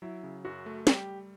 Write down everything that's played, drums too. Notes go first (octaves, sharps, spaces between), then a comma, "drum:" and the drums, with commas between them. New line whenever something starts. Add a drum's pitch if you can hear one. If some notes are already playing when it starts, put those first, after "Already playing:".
F#3 E4
C#3
F#2 F#4
A3
G3 G4, drum: snare